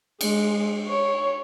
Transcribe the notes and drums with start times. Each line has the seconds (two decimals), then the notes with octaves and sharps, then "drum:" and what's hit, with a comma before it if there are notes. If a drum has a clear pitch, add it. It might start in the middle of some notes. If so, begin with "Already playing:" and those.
0.21 G#3, drum: cymbal
0.87 C#5